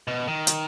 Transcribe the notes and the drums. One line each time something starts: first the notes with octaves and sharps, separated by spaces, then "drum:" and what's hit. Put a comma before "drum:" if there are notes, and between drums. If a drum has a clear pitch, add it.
B2
D#3
drum: hi-hat